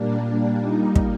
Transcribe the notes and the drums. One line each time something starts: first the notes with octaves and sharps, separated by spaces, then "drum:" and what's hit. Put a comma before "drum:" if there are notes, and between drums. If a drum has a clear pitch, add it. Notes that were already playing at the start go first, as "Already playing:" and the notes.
Already playing: A#2 G3 A#3 D4
D#4
drum: kick